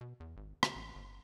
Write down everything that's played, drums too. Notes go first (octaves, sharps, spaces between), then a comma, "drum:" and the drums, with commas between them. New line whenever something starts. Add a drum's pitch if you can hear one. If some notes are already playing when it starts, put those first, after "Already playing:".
B2
E2
G#1
D3, drum: rim click
A1
G1